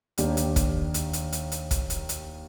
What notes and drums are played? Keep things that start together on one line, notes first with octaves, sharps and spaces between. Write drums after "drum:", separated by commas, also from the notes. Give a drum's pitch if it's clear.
D#2 D#3 A#3 D4 G4, drum: hi-hat
drum: hi-hat
drum: kick, hi-hat
drum: hi-hat
drum: hi-hat
drum: hi-hat
drum: hi-hat
drum: kick, hi-hat
drum: hi-hat
drum: hi-hat